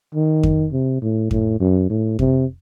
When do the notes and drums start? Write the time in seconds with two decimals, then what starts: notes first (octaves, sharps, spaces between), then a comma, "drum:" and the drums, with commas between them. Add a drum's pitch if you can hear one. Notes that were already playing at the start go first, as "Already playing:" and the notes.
0.14 D#3
0.43 drum: kick F2
0.72 C3
1.02 A2
1.31 A2, drum: kick F2
1.60 F#2
1.90 A2
2.19 C3, drum: kick F2